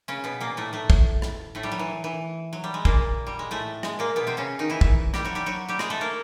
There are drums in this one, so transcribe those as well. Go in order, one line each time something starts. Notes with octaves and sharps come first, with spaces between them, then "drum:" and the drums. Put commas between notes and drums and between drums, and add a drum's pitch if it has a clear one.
C#3 C#4
B2 B3
A#2 A#3
A2 A3
A2 A3
drum: kick
drum: rim click
A2 A3
G3
F#3
E3
E3
F#3
G3
G#3
A#2 A#3, drum: kick
G3
G#3
A2 A3
G#3, drum: rim click
A#2 A#3
B2 B3
C3 C4
C#3 C#4
D#3 D#4
E3 E4
drum: kick
G3 G4, drum: rim click
F#3 F#4
G3 G4
F#3 F#4
G3 G4
G#3 G#4, drum: rim click
A3 A4
A#3 A#4